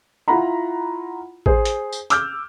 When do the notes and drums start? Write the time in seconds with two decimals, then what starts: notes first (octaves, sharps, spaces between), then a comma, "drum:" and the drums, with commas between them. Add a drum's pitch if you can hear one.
0.28 E4 F4 F#5 A#5 B5
1.46 G#4 C5, drum: kick A1
1.65 drum: hi-hat
1.93 drum: tambourine
2.10 D6 E6 F6 G6, drum: hi-hat